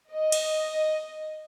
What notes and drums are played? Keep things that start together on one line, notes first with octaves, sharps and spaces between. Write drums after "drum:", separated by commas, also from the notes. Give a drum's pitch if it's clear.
D#5
drum: cymbal